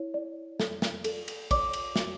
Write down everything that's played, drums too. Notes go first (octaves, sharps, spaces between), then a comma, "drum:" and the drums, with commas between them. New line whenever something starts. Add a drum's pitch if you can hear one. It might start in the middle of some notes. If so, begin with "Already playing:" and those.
Already playing: E4 C#5
D5
A4, drum: snare
drum: snare
A4, drum: cymbal
drum: cymbal
C#5 D5 D6, drum: kick, cymbal
drum: cymbal
F#4, drum: snare